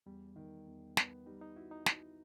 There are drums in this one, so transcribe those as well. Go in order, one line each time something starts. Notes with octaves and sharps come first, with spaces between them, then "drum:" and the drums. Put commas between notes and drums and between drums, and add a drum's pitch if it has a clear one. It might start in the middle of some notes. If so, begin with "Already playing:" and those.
E2 G3
D#3
E2
B3, drum: snare
G3 D#4
D#4
E4 F#4
D#4
F#4, drum: snare